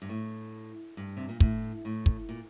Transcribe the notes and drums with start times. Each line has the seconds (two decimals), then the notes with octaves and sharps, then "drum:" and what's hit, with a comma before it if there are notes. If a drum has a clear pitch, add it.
0.02 G2
0.09 A2
0.97 G2
1.17 C3
1.29 A#2
1.40 A2, drum: kick
1.85 A2
2.06 drum: kick
2.29 A#2